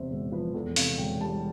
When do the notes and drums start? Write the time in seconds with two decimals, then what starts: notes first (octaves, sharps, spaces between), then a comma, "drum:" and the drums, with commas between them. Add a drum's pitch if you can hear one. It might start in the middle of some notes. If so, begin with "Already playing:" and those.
Already playing: E2 C3 B3 C5 E5
0.10 E1
0.32 F3 B4
0.54 E2 A4
0.76 C3 F5, drum: open hi-hat
0.98 E1 G5
1.21 G3 A5